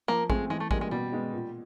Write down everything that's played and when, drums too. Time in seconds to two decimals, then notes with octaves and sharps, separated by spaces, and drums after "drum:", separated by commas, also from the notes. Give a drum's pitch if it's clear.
0.08 F3 A#3
0.30 G#3 A3 C4 F4 G#4, drum: kick A1
0.50 E3 G#3
0.60 A3
0.71 G3 G#3 A#3, drum: kick A1
0.81 G#3
0.91 B2 G3
1.12 G#3 B3
1.33 A#2